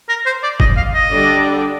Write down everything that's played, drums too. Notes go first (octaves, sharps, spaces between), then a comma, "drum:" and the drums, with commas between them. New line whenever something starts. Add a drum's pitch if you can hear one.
A#4
C5
D5
D#5, drum: kick F#1
F5
D#5
D3 G3 D4 A4 D5